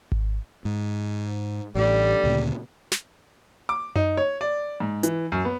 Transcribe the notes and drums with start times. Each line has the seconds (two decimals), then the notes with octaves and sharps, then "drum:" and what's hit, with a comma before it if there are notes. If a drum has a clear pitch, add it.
0.12 drum: kick G#1
0.65 G#2
1.75 A1 A2 D3 G3
2.24 D2 A#2 C#3
2.92 drum: snare
3.69 D6
3.96 D#4, drum: tom F#2
4.17 C#5
4.41 D5
4.80 G#2
5.03 E3, drum: hi-hat
5.32 F#2
5.45 B3